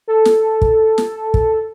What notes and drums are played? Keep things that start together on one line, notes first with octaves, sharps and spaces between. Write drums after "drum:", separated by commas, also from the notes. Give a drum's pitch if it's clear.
A4
drum: snare
drum: kick
drum: snare
drum: kick